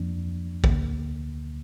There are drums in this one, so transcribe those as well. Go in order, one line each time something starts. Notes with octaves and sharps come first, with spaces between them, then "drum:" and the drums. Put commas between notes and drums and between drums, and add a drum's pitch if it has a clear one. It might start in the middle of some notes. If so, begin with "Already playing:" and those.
Already playing: F2 F3 A#3 D4
D2 D3 A#3, drum: kick